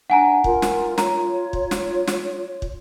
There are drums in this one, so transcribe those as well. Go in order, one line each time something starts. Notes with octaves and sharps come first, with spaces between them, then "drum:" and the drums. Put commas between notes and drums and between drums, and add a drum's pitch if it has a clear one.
D4 F#5 G#5 A#5
F4 A#4, drum: kick
drum: snare
F4 C#5 A#5, drum: snare
drum: kick
drum: snare
drum: snare
drum: kick